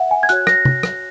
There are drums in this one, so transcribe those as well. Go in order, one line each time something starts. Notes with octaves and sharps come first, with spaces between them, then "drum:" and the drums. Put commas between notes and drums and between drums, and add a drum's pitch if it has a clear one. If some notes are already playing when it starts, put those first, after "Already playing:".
Already playing: E5 F#5
G#5
G#6
F#4 C#5 F#6, drum: hi-hat
A#6, drum: rim click
drum: tom
drum: rim click